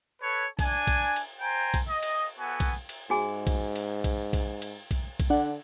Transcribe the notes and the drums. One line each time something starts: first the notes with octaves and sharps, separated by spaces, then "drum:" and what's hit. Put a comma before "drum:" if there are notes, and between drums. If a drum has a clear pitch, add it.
A4 B4 C#5
D4 G#5, drum: kick B1, cymbal
drum: kick B1, cymbal
drum: cymbal
C5 G5 G#5 A#5
drum: kick B1, cymbal
D#5
drum: cymbal
B3 F#4 A4 G#5
drum: kick B1, cymbal
drum: cymbal
G#2 F#4 G#4 G#5
drum: kick B1, cymbal
drum: cymbal
drum: kick B1, cymbal
drum: kick B1, cymbal
drum: cymbal
drum: kick B1, cymbal
drum: kick B1, cymbal
D3 D4 F#5